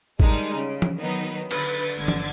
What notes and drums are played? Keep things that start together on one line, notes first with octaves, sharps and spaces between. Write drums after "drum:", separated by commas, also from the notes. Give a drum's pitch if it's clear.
D#3 G3 G#3 D4 D#4, drum: kick
C#3
drum: tom
D#3 F#3 B3 D#4 B4
D3 B4 A6, drum: cymbal
G1 D3 G#6 A6
drum: tom